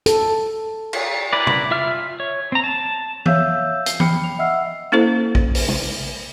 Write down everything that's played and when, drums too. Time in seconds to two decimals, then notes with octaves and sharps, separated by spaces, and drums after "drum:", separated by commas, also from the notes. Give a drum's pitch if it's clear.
0.06 A4, drum: hi-hat
0.93 drum: cymbal
1.33 E4 A#4 B4 D5
1.47 drum: tom B2
1.71 F4 E5 F6
2.20 C#5
2.52 C4 A#5
2.64 A5
3.26 C#5 E5 F5 E6 G6, drum: tom E3
3.86 C7, drum: hi-hat
4.00 G5 B5 F6 C7 C#7, drum: tom E3
4.24 F7
4.38 D#5 E5 F#5 E6 F6 C7
4.92 A#3 C#4 E4 A4 C5
5.35 drum: kick A#1
5.55 drum: open hi-hat
5.68 drum: tom C3